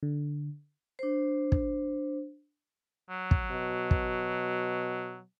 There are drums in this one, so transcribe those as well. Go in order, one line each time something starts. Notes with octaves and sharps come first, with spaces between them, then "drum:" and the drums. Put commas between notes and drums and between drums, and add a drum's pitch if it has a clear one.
D3
D4 C5
drum: kick
F#3
drum: kick
B2
drum: kick